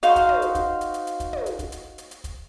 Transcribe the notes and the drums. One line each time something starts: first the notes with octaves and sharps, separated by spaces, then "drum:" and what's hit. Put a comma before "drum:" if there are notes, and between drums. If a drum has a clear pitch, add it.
D#4 F#4 C5 F5, drum: hi-hat
drum: kick, hi-hat
drum: tom
drum: hi-hat
drum: kick, hi-hat
drum: hi-hat
drum: hi-hat
drum: hi-hat
drum: kick, hi-hat
drum: tom
drum: hi-hat
drum: kick, hi-hat
drum: hi-hat
drum: hi-hat
drum: hi-hat
drum: kick, hi-hat